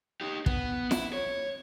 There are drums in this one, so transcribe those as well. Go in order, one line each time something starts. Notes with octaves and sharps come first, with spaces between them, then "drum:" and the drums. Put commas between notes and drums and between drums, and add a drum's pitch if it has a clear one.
D#4 G4
B3, drum: kick
E4, drum: snare
C#5